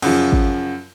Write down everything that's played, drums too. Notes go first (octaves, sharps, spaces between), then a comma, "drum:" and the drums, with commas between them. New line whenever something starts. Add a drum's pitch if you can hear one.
F#2 C#3 F3, drum: cymbal
drum: kick G#1